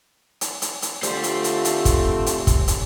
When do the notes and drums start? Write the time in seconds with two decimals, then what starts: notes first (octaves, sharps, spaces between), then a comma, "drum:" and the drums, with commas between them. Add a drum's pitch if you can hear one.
0.41 drum: hi-hat
0.62 drum: hi-hat
0.82 drum: hi-hat
1.03 D3 G3 A3 C4 F4 C5, drum: hi-hat
1.23 drum: hi-hat
1.44 drum: hi-hat
1.65 drum: hi-hat
1.85 drum: kick, hi-hat
2.26 drum: hi-hat
2.47 drum: kick, hi-hat
2.68 drum: hi-hat